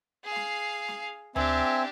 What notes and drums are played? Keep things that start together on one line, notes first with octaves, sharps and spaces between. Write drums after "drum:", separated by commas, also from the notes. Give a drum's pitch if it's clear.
G#4 F5
drum: snare
drum: snare
C4 D4 G4 E5 G#5, drum: tom D2